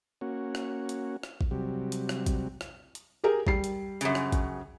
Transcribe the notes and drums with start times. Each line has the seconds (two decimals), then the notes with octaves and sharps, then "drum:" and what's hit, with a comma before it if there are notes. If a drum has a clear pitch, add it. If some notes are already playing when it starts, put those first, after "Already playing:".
0.21 A#3 C#4 F#4
0.55 drum: rim click
0.89 drum: hi-hat
1.23 drum: rim click
1.41 drum: kick
1.51 C3 F#3 G3
1.92 drum: hi-hat
2.09 drum: rim click
2.26 drum: kick, hi-hat
2.61 drum: rim click
2.95 drum: hi-hat
3.24 G4 G#4 A#4
3.47 G3 C7, drum: kick
3.64 drum: hi-hat
4.01 F#2 C#3, drum: hi-hat
4.15 drum: rim click
4.32 drum: kick, hi-hat